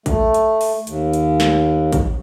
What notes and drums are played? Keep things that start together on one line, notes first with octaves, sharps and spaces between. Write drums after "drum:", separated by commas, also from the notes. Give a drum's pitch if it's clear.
A3, drum: kick, hi-hat
drum: hi-hat
drum: open hi-hat
D#2, drum: hi-hat
drum: hi-hat
drum: snare
drum: kick, hi-hat